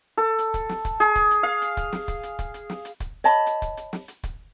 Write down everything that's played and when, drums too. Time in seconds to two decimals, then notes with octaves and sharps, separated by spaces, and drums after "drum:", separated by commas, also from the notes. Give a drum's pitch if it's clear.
0.17 A4
0.39 drum: hi-hat
0.54 drum: kick, hi-hat
0.69 drum: snare
0.85 drum: kick, hi-hat
1.00 G#4, drum: hi-hat
1.16 drum: kick, hi-hat
1.31 drum: hi-hat
1.43 F5
1.62 drum: hi-hat
1.77 drum: kick, hi-hat
1.93 drum: snare
2.08 drum: kick, hi-hat
2.23 drum: hi-hat
2.39 drum: kick, hi-hat
2.54 drum: hi-hat
2.70 drum: snare
2.85 drum: hi-hat
3.00 drum: kick, hi-hat
3.24 C#5 D#5 A5 B5
3.47 drum: hi-hat
3.62 drum: kick, hi-hat
3.77 drum: hi-hat
3.93 drum: snare
4.08 drum: hi-hat
4.23 drum: kick, hi-hat